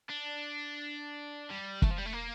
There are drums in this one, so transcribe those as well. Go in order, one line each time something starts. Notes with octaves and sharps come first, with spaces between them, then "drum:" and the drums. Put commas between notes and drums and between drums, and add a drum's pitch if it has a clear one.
D4
G3
A3, drum: kick
F3
G3
A3
A#3